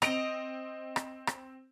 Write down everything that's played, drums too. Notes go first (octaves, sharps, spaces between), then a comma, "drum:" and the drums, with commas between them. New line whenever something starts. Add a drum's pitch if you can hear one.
C4 D#5 D7 F7, drum: rim click
drum: rim click
drum: rim click